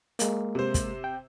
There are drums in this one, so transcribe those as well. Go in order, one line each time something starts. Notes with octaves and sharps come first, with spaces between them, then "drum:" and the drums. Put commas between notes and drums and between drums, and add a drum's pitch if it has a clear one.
G#3 A#3, drum: hi-hat
C3 C5
drum: kick, hi-hat
G5